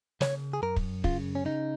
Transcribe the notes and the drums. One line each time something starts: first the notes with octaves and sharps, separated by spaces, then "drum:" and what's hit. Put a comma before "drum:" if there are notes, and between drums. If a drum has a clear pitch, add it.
C#3 C#5, drum: snare
G#4
F#2 A#4
drum: kick
C#3 F4, drum: kick
C#4
C#3 D#4